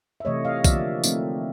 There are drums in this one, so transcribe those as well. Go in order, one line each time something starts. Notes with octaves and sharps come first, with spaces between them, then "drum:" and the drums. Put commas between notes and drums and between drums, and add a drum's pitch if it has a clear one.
E5
C3 E3 A3 C#5 D#5
D#5 F5
D3 F3 A#3 D5 E5, drum: kick, tambourine
F3 A3 C4 D#4, drum: tambourine